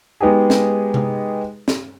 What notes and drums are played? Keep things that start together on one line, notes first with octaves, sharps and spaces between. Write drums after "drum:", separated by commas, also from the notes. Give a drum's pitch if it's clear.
G#3 B3 D#4 G4 G#4
drum: snare
drum: tom C3
drum: snare